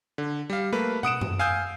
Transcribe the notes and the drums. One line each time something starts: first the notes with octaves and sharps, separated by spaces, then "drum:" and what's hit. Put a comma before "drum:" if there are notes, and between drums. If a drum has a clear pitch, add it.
D3
G3 F5
A3 A#3 B4
F#5 D#6 D7 E7, drum: tom
drum: tom F#2
F5 G#5 D#6 E6 G6